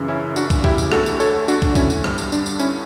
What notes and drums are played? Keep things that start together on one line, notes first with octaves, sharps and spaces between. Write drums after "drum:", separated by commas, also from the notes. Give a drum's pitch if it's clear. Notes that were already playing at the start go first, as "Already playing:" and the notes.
Already playing: F#2 C#3 E3
C#4 E4
D4 F#4, drum: tambourine
drum: kick, tambourine
E4 G4, drum: kick
drum: tambourine
D2 D3 A3 F#4 A4, drum: rim click
drum: tambourine
A4 C#5, drum: tambourine
D4 F#4, drum: tambourine
drum: kick, tambourine
C#4 E4, drum: kick, tambourine
drum: tambourine
G2 D3 G3, drum: rim click
drum: tambourine
D4, drum: tambourine
drum: tambourine
C#4 E4, drum: tambourine